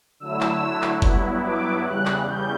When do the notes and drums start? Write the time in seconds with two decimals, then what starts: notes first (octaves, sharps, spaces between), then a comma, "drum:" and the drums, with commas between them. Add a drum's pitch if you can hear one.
0.20 D3 F#3 A3 E4 E6
0.41 drum: clap
0.82 drum: clap
1.02 G2 F#3 B3 E4, drum: kick F#1
1.44 D6
1.85 E2 C#3 G3 F#6
2.06 drum: clap
2.27 G6